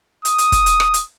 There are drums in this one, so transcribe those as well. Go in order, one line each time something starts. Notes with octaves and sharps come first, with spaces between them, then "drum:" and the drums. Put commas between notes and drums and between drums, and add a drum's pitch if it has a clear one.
D#6, drum: hi-hat
drum: hi-hat
drum: kick, hi-hat
drum: hi-hat
drum: rim click
drum: hi-hat